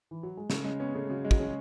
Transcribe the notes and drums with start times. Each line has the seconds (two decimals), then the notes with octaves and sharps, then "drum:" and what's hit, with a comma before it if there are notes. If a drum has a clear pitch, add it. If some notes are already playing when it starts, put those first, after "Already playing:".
0.11 E3
0.23 F#3
0.37 G#3
0.50 C#3 A3, drum: snare
0.64 G#3 C#4
0.80 B3 C#4
0.95 C#3 A3
1.10 C#3 F#3
1.25 G#3
1.31 F#3, drum: kick
1.39 G#3 C#4